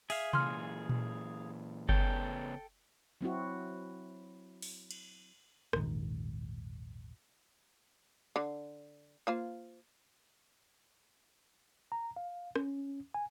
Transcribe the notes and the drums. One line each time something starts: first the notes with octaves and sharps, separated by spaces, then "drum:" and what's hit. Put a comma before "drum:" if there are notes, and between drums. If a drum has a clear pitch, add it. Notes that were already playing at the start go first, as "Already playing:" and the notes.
G#4 E5 F5, drum: open hi-hat
A#2 E3 C6 F6, drum: tom C3
drum: tom A#2
C#3 B3 A4 C#5 G5, drum: kick G1
F#3 C4 E4 F#4
drum: open hi-hat
drum: cymbal
E1 A#1 G#2 D#3, drum: rim click
D3
A#3 F4 C5
A#5
F5
C#4, drum: rim click
G#5